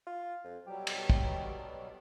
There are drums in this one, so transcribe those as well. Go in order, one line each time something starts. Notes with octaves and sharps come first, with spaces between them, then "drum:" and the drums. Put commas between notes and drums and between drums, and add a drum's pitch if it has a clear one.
F4
F2
B2 F#3 G3 G4
drum: cymbal
drum: kick